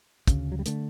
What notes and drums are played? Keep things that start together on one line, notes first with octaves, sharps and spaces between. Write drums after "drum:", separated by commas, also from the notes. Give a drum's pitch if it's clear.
D2 C#3, drum: kick, hi-hat
F#3
G3
D3 A3, drum: hi-hat